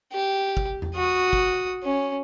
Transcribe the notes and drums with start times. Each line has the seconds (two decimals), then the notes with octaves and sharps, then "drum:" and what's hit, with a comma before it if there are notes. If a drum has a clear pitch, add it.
0.13 G4
0.57 drum: kick
0.82 drum: tom E2
0.96 F#4 D#6
1.33 drum: kick
1.84 C#4